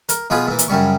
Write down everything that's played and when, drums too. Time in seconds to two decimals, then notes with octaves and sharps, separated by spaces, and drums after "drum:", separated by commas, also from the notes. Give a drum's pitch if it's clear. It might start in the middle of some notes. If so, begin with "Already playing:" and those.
0.09 A#4, drum: hi-hat
0.30 B2 F3 F4 G#4 B4
0.48 A#2 E3
0.59 drum: hi-hat
0.68 F#2 C#3 G3 C#6